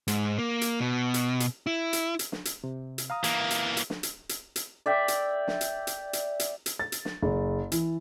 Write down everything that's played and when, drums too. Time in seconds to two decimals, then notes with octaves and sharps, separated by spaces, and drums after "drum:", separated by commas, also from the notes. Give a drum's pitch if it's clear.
0.08 G#2, drum: hi-hat
0.39 A#3
0.61 drum: hi-hat
0.80 B2
1.14 drum: hi-hat
1.40 drum: hi-hat
1.67 E4
1.93 drum: hi-hat
2.19 drum: hi-hat
2.32 drum: snare
2.45 drum: hi-hat
2.64 C3
2.98 drum: hi-hat
3.10 F5 A#5 D#6
3.24 E3 A#3, drum: hi-hat
3.50 drum: hi-hat
3.77 drum: hi-hat
3.90 drum: snare
4.03 drum: hi-hat
4.29 drum: hi-hat
4.56 drum: hi-hat
4.86 D5 E5 G5
5.08 drum: hi-hat
5.48 drum: snare
5.61 drum: hi-hat
5.87 drum: hi-hat
6.13 drum: hi-hat
6.40 drum: hi-hat
6.66 drum: hi-hat
6.79 A6
6.92 drum: hi-hat
7.05 drum: snare
7.23 F#1
7.72 E3, drum: hi-hat